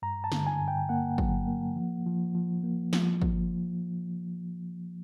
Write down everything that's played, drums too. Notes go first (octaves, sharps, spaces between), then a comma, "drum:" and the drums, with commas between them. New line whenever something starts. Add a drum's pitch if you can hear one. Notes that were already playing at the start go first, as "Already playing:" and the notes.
G2 A#5
A5
D3, drum: snare G3
G#5
G2
G5
A#3 F#5
F#3, drum: kick
A#3
F3
F3
F3
A#3
F3, drum: snare G3
drum: kick